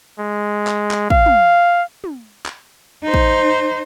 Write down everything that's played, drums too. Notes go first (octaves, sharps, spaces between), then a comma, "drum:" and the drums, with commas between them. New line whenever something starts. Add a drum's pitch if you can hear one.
G#3
drum: clap
drum: clap
F5, drum: kick
drum: tom
drum: tom
drum: clap
D#4 C5
drum: kick